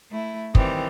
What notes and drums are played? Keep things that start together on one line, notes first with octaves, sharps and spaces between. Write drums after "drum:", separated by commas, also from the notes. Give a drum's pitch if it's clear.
A3 E4
D#3 E3 G3 C4, drum: kick